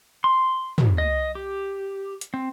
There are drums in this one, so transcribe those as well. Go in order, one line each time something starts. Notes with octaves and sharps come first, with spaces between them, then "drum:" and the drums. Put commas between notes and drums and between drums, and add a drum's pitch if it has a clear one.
C6
drum: tom
D#5
G4
drum: hi-hat
C4